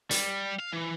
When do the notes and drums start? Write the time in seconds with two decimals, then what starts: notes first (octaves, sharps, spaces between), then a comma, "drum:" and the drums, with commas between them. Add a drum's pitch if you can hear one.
0.11 G3, drum: hi-hat
0.60 F5
0.73 E3